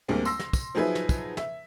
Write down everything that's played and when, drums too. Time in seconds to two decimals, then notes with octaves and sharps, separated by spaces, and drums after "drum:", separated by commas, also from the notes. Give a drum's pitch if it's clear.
0.08 D2 G3 G#3 A#3 C4
0.25 C6 E6 A#6, drum: tambourine
0.39 drum: snare
0.53 drum: kick, tambourine
0.75 F3 F#3 D#4 G#4 B4 E5
0.95 drum: snare
1.09 drum: kick, tambourine
1.37 E5, drum: snare